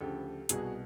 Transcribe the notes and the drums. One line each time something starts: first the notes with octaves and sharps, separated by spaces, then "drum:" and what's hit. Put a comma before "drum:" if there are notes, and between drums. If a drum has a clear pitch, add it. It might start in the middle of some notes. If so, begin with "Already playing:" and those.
D2 C#3 F3 G4 A4
C2 B2 F#4 G#4, drum: hi-hat